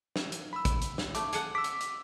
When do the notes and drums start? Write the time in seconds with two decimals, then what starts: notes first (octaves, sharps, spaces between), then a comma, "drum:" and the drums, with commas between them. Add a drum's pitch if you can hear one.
0.16 drum: snare
0.32 drum: hi-hat
0.53 B5 E6
0.65 drum: kick, hi-hat
0.82 drum: hi-hat
0.98 drum: snare
1.15 A3 D6, drum: hi-hat
1.33 G#4 A4 F#5, drum: hi-hat
1.55 D6 E6 B6
1.64 drum: hi-hat
1.81 drum: hi-hat